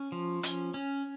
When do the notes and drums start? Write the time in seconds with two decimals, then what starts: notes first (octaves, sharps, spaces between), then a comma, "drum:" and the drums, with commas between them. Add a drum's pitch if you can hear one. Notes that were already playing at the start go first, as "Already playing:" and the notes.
Already playing: C#4
0.12 F3
0.43 C#4, drum: hi-hat
0.74 C#4